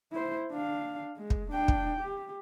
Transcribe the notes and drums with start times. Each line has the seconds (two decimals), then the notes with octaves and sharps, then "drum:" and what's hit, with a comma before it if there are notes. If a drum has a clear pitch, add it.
0.12 E4 C5
0.51 D4 F5
1.17 G#3
1.30 drum: kick
1.51 D4 G5
1.68 drum: kick
2.01 G4